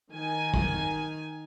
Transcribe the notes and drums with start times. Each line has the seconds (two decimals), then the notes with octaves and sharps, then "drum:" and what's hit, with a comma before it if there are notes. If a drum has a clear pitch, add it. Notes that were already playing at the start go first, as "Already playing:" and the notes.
0.12 D#3 G#5
0.54 drum: kick